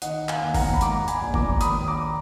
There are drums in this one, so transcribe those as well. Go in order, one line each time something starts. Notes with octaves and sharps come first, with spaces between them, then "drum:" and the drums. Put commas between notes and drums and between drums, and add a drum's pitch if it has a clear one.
D#3 D#5 F#5, drum: hi-hat
F5 G#5, drum: clap
D#2
F#5 A#5, drum: kick F#1, open hi-hat
B5
G#2 A#5 D6, drum: hi-hat
G#5 B5, drum: hi-hat
A#1
A#5 D6, drum: kick F#1
D#2 B5 D#6, drum: hi-hat
A#5 D6